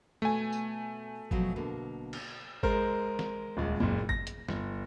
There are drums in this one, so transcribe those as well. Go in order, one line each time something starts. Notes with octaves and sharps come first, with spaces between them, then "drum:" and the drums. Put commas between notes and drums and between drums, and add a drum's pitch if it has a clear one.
B2 A3 G#5
drum: tambourine
B2 F3 F#3, drum: kick G#1
B2 D3 A#3
drum: cymbal
G#3 A#4 C5, drum: kick G#1
drum: snare
D#1 C#2
F#1 A#2
A#6, drum: kick G#1
drum: hi-hat
G1, drum: snare